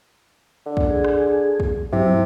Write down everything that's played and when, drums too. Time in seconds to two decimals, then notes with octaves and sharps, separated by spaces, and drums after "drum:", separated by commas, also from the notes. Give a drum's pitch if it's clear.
0.66 D3
0.77 drum: kick
0.91 G#4
1.04 drum: rim click
1.60 drum: kick
1.93 G#2 C3 F#3 E4